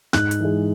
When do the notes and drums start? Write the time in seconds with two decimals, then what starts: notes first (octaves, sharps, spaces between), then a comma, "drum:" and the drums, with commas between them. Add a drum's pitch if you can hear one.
0.13 G#2 F#6, drum: snare
0.31 drum: hi-hat
0.40 E3 G#3